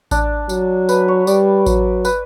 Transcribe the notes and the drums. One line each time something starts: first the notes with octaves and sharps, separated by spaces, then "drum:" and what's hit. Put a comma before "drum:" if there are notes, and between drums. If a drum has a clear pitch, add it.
D4, drum: kick A1, tambourine
F#3, drum: tambourine
B4, drum: tambourine
C#5
G3 D5, drum: tambourine
F#3, drum: kick A1, tambourine
B4, drum: tambourine